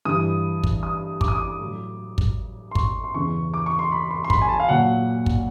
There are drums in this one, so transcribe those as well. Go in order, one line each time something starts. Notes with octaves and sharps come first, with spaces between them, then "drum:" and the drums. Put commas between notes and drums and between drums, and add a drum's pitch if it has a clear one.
G2 E3 D#6
drum: kick
D#6
D6, drum: kick
D#6
D6
A2 F#3
drum: kick
C6
C#6, drum: kick
C6
E2 C#3 E3 C#6
D6
C#6
C6
B5
C6
C6
B5, drum: kick
G#5
A5
F5
A#2 F#3 F#5
drum: kick